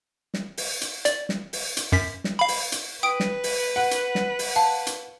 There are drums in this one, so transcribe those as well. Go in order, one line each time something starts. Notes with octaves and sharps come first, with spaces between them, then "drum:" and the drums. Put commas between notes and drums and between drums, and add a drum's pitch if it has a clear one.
drum: snare
drum: open hi-hat
drum: hi-hat
D5, drum: hi-hat
drum: snare
drum: open hi-hat
drum: hi-hat
F#2 B6
drum: snare
F5 B5
drum: open hi-hat
drum: hi-hat
B4 G5 D#6 D7
drum: snare
drum: open hi-hat
F#5
drum: hi-hat
drum: snare
drum: open hi-hat
F5 A5
drum: hi-hat